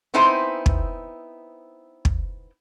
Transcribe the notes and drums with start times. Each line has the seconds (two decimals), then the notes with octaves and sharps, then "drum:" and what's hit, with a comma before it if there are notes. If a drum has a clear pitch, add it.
0.14 B3 C4 D#4 E4 C5 G#5
0.66 drum: kick
2.05 drum: kick